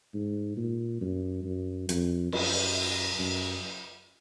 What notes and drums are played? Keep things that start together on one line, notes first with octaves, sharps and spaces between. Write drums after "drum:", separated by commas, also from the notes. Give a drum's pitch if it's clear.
G#2
A#2
F#2
F#2
F2, drum: hi-hat
F#2, drum: cymbal
F#2